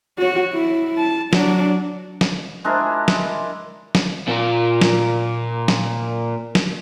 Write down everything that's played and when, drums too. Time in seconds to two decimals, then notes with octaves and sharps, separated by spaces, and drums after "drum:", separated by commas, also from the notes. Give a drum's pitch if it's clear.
0.19 F#4 C#5
0.54 E4
0.97 A5
1.33 F#3 D4, drum: snare
2.21 drum: snare
2.64 G#3 D4 E4 A#4
3.08 drum: snare
3.95 drum: snare
4.28 A#2 A#3
4.81 drum: snare
5.68 drum: snare
6.55 drum: snare